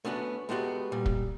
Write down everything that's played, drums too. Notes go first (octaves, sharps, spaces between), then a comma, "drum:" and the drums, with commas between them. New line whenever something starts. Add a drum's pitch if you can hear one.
A3 B3 C#4 D4 F#4
G#3 A3 B3 F#4 G4
A#2 G3
drum: kick